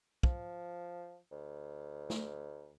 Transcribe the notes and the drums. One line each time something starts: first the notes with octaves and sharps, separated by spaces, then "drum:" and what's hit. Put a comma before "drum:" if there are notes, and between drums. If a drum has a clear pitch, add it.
F3, drum: kick
D2
drum: snare